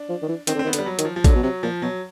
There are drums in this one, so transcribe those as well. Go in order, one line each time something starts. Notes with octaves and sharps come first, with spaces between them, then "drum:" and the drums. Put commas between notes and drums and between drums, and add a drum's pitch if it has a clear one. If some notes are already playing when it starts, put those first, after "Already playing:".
Already playing: D4
F3
D#3
E3
D#3 C4, drum: hi-hat
D3
C4
D#3
B3
D3, drum: hi-hat
G3
F#3
D#3, drum: hi-hat
F3
F3
D3 F#3, drum: kick A1, hi-hat
B2
C3 F#3
A#2 F3
B2 F#3